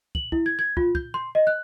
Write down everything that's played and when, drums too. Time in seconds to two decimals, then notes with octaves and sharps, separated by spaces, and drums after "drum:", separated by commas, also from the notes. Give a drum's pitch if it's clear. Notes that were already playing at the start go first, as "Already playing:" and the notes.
0.15 F#7, drum: kick
0.32 E4, drum: kick
0.46 G#6
0.59 G#6
0.77 F4, drum: kick
0.95 G6, drum: kick
1.14 C6
1.35 D#5
1.47 F#6